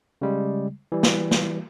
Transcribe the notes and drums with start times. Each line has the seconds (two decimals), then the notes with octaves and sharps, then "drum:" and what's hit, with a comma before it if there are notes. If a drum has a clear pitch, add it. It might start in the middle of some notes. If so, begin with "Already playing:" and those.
0.22 C#3 G3 G#3
0.92 E3 G3
1.03 drum: snare
1.31 drum: snare